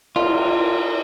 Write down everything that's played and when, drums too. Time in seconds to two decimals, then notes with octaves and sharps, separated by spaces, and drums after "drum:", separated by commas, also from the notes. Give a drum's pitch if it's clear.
0.16 F4, drum: cymbal